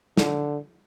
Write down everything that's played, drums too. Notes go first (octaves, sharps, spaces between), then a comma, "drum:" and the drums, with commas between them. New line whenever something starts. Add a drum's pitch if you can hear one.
D3, drum: snare